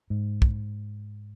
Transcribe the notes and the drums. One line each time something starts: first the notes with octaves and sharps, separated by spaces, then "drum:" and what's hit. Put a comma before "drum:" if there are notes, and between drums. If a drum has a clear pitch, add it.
G#2
drum: kick